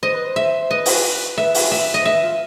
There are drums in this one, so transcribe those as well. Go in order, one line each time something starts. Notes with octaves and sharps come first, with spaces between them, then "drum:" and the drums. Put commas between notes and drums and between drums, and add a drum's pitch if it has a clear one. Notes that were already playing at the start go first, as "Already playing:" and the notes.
C5 D#5
B4
C5
E5
C5
B4 D#5
C5, drum: open hi-hat
B4
B4
B4 E5
drum: open hi-hat
E5
D#5
C5
B4 E5
F4